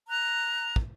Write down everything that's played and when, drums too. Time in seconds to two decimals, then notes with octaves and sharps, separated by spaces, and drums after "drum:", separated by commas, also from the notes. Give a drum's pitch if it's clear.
0.08 A#5 F#6
0.76 drum: kick